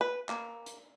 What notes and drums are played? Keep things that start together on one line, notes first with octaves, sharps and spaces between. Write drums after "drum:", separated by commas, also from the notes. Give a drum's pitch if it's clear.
B4
A#3, drum: clap
drum: hi-hat